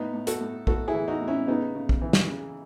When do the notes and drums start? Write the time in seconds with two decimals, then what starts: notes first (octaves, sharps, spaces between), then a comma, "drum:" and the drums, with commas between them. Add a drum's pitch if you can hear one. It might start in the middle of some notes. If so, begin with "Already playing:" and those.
Already playing: A2 B3 D#4
0.13 A2
0.27 F#4 A4, drum: hi-hat
0.40 A2
0.67 A2 F#4 A4, drum: kick
0.88 E4 G#4
0.94 E3
1.08 D#4 F#4
1.21 A2
1.28 C#4 E4
1.48 C#3 B3 D#4
1.75 C#3
1.89 drum: kick
2.01 E3
2.13 drum: snare
2.28 C#3